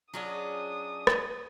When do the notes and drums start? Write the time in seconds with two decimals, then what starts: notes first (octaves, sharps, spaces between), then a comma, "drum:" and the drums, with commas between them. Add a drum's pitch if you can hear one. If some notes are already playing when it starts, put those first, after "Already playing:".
0.14 F#3 C#4 D4 F4 G#4 D#5 D#6
1.07 drum: rim click